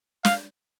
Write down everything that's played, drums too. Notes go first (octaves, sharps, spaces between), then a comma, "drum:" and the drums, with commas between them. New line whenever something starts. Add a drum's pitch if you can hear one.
F5, drum: snare